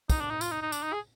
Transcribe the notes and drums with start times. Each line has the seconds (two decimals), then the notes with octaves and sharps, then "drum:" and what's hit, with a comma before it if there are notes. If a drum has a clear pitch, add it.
0.10 D#4, drum: kick, tambourine
0.21 D4
0.30 D#4
0.41 F4, drum: tambourine
0.51 D#4
0.62 D#4
0.72 D4, drum: tambourine
0.83 D#4
0.93 G#4